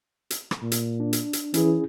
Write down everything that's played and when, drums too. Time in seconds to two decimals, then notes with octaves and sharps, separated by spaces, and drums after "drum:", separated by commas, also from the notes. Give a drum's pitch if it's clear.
0.30 drum: hi-hat
0.51 drum: rim click
0.62 A#2
0.72 drum: hi-hat
1.00 D4
1.13 drum: hi-hat
1.33 drum: hi-hat
1.54 E3 C#4 E4 G#4, drum: hi-hat